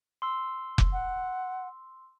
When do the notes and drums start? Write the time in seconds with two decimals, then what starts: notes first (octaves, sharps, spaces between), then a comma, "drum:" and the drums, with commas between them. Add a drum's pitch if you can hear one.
0.22 C6 E6
0.78 drum: kick F1
0.93 F#5